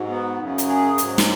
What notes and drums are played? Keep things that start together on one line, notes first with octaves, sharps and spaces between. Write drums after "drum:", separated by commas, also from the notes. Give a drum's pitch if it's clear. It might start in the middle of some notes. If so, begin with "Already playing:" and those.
Already playing: G#2 F#3
B3
F#2 C#3 F#3
drum: hi-hat
G#4
G#2 F#3, drum: hi-hat
drum: snare